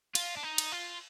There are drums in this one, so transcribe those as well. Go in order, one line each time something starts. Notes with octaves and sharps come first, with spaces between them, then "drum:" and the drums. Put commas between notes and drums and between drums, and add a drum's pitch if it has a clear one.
F4, drum: cymbal
D4
D#4
drum: cymbal
F4